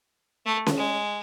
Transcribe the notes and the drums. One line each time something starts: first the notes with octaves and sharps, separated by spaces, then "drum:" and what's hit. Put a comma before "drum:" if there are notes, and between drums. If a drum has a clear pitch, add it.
A3
drum: snare C#4
G#3